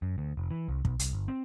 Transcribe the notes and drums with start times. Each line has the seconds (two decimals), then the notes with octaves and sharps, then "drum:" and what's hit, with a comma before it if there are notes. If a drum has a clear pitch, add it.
0.02 F#2
0.18 D2
0.37 F1
0.51 E3
0.68 C2
0.85 B1, drum: kick
0.99 C2, drum: hi-hat
1.13 G1
1.28 C4